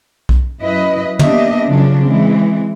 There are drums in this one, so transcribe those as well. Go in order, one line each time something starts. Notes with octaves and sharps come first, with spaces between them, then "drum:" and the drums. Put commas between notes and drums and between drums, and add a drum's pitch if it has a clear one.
drum: kick B1
F#2 E4 B4 D#5
A#3 B3 D4 G4 D#5 E5, drum: tom
C#3 F3 F#3 C#4 D4
E3 G#3 C4